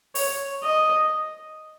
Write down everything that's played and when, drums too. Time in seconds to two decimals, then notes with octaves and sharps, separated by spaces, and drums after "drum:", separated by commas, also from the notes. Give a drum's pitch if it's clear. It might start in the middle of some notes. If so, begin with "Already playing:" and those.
0.15 C#5, drum: open hi-hat
0.63 D#5